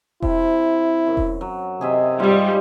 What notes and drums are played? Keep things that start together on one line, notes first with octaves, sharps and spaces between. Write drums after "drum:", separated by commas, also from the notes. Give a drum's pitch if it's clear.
C3 E4, drum: kick E1
F#2
drum: kick E1
F#3
C3 G#4 D#5 E5
G#2 G3 F4